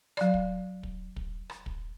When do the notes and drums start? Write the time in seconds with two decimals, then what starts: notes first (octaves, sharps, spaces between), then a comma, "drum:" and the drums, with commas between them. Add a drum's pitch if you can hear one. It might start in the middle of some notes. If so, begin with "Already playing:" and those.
0.17 F#3 D5, drum: rim click
0.34 drum: kick
0.83 drum: kick
1.16 drum: kick
1.50 drum: rim click
1.66 drum: kick